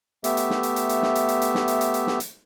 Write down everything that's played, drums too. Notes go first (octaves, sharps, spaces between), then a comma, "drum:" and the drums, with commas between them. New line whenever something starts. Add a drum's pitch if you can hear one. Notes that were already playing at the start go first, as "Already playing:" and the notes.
A3 B3 G4 E5, drum: hi-hat
drum: hi-hat
drum: snare
drum: hi-hat
drum: hi-hat
drum: hi-hat
drum: snare
drum: hi-hat
drum: hi-hat
drum: hi-hat
drum: snare
drum: hi-hat
drum: hi-hat
drum: hi-hat
drum: snare
drum: hi-hat